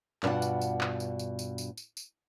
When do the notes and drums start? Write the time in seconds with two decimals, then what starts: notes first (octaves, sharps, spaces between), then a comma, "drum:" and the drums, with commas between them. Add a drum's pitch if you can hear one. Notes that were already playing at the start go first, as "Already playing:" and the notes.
0.23 G2 B2 D4 F4 F#5, drum: clap
0.42 drum: tambourine
0.61 drum: tambourine
0.81 drum: clap
1.00 drum: tambourine
1.19 drum: tambourine
1.39 drum: tambourine
1.58 drum: tambourine
1.77 drum: tambourine
1.97 drum: tambourine